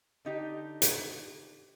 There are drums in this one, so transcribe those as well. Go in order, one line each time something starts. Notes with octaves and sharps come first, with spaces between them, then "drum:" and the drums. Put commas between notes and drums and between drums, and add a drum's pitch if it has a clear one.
D3 D#4 G4
drum: hi-hat